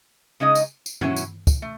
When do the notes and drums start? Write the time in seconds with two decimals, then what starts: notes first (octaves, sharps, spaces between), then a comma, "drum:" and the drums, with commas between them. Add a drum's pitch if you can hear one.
0.40 C#3 G#3 D#4 G#4 D#5
0.55 drum: tambourine
0.86 drum: tambourine
1.01 B2 F#3 C#4 E4, drum: tom G2
1.16 drum: tambourine
1.47 drum: kick, tambourine
1.62 A3